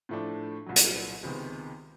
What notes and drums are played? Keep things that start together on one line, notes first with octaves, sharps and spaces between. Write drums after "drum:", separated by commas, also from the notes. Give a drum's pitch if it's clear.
A2 F3 A3 D4
C2 A#2 F#3
drum: hi-hat
C#2 C3 D#3 G#3 B3